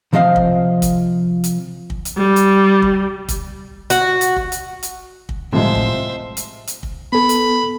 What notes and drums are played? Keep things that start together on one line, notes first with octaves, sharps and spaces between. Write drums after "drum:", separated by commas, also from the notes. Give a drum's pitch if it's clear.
C3 F3 C4 D#5 F5
drum: kick
drum: kick, hi-hat
drum: hi-hat
drum: kick
drum: hi-hat
G3
drum: hi-hat
drum: kick
drum: kick, hi-hat
F#4, drum: hi-hat
drum: hi-hat
drum: kick
drum: hi-hat
drum: hi-hat
drum: kick
A2 C3 F3 G#3 C5 E5
drum: kick
drum: hi-hat
drum: hi-hat
drum: kick
B3 A4 B5
drum: hi-hat